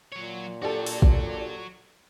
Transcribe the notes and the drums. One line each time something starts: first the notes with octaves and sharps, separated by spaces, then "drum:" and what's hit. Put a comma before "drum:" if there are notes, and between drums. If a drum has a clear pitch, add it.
A#2 F#3 C#5
D4 F#4 G4 A4 C#5
drum: open hi-hat
drum: kick A1